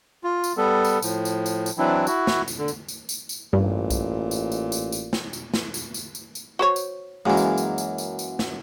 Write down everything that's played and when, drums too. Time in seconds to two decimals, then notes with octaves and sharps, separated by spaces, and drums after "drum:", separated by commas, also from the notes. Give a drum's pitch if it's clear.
0.24 F4
0.44 drum: tambourine
0.57 G3 B3 A4
0.85 drum: tambourine
1.02 A2 F3, drum: tambourine
1.25 drum: tambourine
1.46 drum: tambourine
1.66 drum: tambourine
1.78 E3 F#3 C4 D4 E4
2.07 E4 F#4, drum: tambourine
2.27 drum: snare
2.48 drum: tambourine
2.58 D3
2.68 drum: tambourine
2.88 drum: tambourine
3.09 drum: tambourine
3.29 drum: tambourine
3.53 A1 G2 A#2
3.90 drum: kick B1, tambourine
4.31 drum: tambourine
4.52 drum: tambourine
4.72 drum: tambourine
4.92 drum: tambourine
5.13 drum: snare
5.33 drum: tambourine
5.54 drum: snare
5.74 drum: tambourine
5.94 drum: tambourine
6.15 drum: tambourine
6.35 drum: tambourine
6.59 F#4 C5 C#5
6.76 drum: tambourine
7.26 F#2 E3 G#3 A#3
7.37 drum: tambourine
7.58 drum: tambourine
7.78 drum: tambourine
7.98 drum: tambourine
8.19 drum: tambourine
8.39 drum: snare